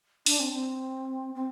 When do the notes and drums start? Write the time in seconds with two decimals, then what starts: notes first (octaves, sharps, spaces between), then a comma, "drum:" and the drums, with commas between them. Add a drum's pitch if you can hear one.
0.26 D4, drum: open hi-hat
0.40 C4
0.53 C4
1.35 C4